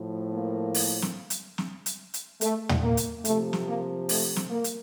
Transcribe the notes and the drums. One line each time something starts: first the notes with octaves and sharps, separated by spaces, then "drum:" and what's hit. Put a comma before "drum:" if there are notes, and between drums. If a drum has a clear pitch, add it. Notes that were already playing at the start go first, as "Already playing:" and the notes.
Already playing: A2 F3
A#3
drum: open hi-hat
drum: snare
drum: hi-hat
drum: snare
drum: hi-hat
drum: hi-hat
A3, drum: hi-hat
drum: tom
A#3
drum: hi-hat
C3 F3 A3, drum: hi-hat
drum: snare
A#3
A3, drum: open hi-hat
drum: snare
A#3
drum: hi-hat